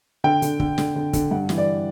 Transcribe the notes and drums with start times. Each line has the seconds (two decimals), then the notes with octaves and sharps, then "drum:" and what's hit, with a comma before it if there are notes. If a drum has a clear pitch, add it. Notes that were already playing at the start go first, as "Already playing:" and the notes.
0.24 D3 G5
0.42 D3, drum: hi-hat
0.60 D3, drum: kick
0.78 D3, drum: snare
0.95 D3
1.13 D3, drum: kick, hi-hat
1.31 G2 F#5
1.49 E3, drum: snare
1.58 D5